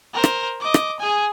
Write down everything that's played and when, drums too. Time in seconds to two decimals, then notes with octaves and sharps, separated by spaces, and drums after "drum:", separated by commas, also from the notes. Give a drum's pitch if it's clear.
0.14 A#4 C5
0.24 drum: rim click
0.60 D#5 D6
0.74 drum: rim click
1.00 G#4 G#5